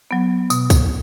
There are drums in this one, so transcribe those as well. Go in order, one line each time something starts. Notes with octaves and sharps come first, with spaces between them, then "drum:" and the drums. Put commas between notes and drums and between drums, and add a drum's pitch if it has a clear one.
F#3 B3
B2, drum: tambourine
drum: kick, tambourine